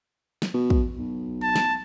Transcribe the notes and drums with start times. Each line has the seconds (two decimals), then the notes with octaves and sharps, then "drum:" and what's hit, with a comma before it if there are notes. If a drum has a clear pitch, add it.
0.42 drum: snare
0.54 B2
0.70 drum: kick
0.99 B1
1.43 A5
1.56 drum: snare